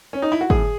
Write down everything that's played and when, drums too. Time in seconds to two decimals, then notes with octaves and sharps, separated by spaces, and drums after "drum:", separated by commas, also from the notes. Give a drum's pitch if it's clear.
0.13 C#4
0.22 D#4
0.32 E4
0.41 F#4
0.50 A2 G#4, drum: kick